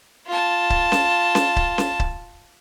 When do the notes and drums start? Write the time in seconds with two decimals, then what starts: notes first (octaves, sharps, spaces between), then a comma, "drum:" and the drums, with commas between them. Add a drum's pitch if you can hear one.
0.27 F4 A5
0.70 drum: kick C#1
0.92 drum: snare C#4
1.35 drum: snare C#4
1.56 drum: kick C#1
1.78 drum: snare C#4
2.00 drum: kick C#1